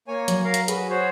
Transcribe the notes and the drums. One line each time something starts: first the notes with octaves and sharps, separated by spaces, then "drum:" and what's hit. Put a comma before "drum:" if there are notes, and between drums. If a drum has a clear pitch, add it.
A#3 C#5 G#5
F#3, drum: hi-hat
A#4 F5
drum: hi-hat
F#4 G#4 B4, drum: hi-hat
F#4 C5 C#5